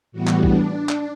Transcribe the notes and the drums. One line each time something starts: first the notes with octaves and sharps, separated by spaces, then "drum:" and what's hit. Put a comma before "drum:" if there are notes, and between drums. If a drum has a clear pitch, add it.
A2 E3 G3 B3 F#4
drum: clap
D4, drum: kick
drum: clap